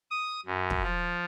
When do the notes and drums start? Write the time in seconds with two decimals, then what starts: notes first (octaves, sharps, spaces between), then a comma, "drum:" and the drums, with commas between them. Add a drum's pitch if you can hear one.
0.10 D#6
0.46 F#2
0.70 drum: kick
0.82 F3